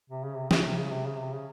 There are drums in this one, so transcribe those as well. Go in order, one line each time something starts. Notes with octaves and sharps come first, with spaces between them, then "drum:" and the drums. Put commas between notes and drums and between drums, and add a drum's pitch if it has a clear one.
C3
C#3
C3
C#3, drum: snare
C3
C#3
C3
C#3
C3
C#3